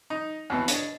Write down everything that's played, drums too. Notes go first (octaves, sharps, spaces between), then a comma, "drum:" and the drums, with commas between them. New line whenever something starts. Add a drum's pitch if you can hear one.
D#4
D#2 B2 E3
D4 C#5 D#5, drum: hi-hat